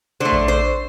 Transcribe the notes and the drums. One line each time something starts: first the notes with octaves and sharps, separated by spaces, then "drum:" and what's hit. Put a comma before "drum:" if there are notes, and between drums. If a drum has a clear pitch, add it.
D3 A3 C5
drum: kick A#1
C5